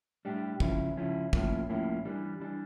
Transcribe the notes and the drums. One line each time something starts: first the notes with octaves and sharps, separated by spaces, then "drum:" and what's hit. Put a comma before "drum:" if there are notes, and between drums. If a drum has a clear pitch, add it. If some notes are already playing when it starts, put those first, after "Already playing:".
A2 G3 D4 G4
C#2 C#3 F3 C#4 E4, drum: kick
C#2 C#3 F3 C#4 E4
A2 F3 A#3 C#4 E4, drum: kick
A2 F3 A#3 C#4 E4
E3 G3 D4
E3 G3 D4